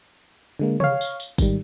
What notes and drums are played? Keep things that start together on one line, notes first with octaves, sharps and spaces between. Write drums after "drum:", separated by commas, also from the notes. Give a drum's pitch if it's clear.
D3 G#3 A#3
C#5 F5, drum: tom C3
drum: tambourine
drum: tambourine
G#2 D#3 G3, drum: kick G#1, tambourine